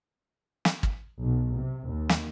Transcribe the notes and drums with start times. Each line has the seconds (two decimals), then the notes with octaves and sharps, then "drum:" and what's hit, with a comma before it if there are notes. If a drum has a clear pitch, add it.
0.65 drum: snare
0.83 drum: kick
1.23 B1
1.58 C3
1.91 D#2
2.09 drum: snare